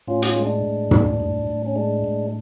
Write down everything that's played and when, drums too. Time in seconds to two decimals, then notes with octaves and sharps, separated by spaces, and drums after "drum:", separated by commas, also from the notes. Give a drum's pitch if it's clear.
0.07 A2 C#4 F4
0.22 F#4, drum: hi-hat
0.26 C#4 F4
0.35 G#3
0.45 D4
0.63 A2
0.91 A2, drum: tom
1.20 A2
1.47 A2
1.66 C#4
1.76 G#3 D4
2.04 A2